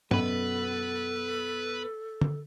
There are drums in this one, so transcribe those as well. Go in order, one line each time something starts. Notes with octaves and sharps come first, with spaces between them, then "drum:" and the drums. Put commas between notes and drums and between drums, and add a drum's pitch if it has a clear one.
F#2 B2 B3 A4 B4 B5, drum: tom
drum: tom